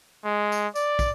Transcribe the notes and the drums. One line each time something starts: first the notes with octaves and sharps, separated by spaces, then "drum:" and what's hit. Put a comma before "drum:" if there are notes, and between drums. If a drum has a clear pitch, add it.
G#3
drum: tambourine
D5, drum: tambourine
drum: kick, tambourine